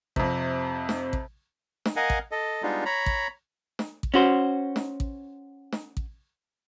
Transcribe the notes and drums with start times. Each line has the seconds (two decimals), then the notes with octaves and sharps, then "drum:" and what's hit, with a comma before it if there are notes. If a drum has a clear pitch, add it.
0.16 F2 C3, drum: kick A1
0.89 drum: snare
1.13 drum: kick A1
1.85 drum: snare
1.96 A#4 D#5 F5 F#5 G#5
2.10 drum: kick A1
2.31 A4 D#5
2.63 G3 G#3 B3 D4 D#4 F4
2.85 C#5 A#5 B5
3.06 drum: kick A1
3.79 drum: snare
4.03 drum: kick A1
4.14 C#4 F#4 C5
4.76 drum: snare
5.00 drum: kick A1
5.72 drum: snare
5.97 drum: kick A1